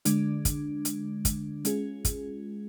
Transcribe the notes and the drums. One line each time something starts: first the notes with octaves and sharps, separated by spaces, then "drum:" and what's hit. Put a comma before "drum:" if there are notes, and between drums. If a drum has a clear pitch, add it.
D3 G#3 D4, drum: hi-hat
drum: kick, hi-hat
drum: hi-hat
drum: kick, hi-hat
G#3 C#4 F4 G#4, drum: hi-hat
drum: kick, hi-hat